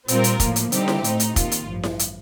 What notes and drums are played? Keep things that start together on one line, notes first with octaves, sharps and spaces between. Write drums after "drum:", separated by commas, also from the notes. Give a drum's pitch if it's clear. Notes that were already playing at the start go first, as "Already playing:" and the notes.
A#2 G3 C4 F4 A#4, drum: hi-hat
drum: hi-hat
A2 F3 A#3, drum: kick, hi-hat
drum: hi-hat
D3 G3 C4 D#4 G4, drum: hi-hat
drum: snare E4
A2 A3 D#4, drum: hi-hat
drum: hi-hat
C3 D#3 A#3 F4, drum: kick, hi-hat
drum: hi-hat
A1 G2 F3
drum: snare E4
drum: hi-hat